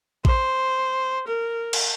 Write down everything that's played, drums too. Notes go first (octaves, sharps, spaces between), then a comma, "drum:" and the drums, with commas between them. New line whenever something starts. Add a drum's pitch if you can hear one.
C5, drum: kick A1
A#4
drum: cymbal